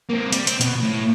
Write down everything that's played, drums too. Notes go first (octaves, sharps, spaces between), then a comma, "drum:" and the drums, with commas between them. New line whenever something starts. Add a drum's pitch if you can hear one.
A#3 C4
G3, drum: hi-hat
C4, drum: hi-hat
B2, drum: hi-hat
A2